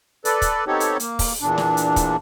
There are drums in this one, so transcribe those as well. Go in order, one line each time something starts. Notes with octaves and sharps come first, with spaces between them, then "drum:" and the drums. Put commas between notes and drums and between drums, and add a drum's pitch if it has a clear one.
A4 B4 D5, drum: hi-hat
drum: kick, hi-hat
B3 C4 D#4 G4 A4 C#5
drum: hi-hat
A#3, drum: hi-hat
drum: kick, open hi-hat
E2 A#2 D4
drum: snare
drum: hi-hat
drum: kick, hi-hat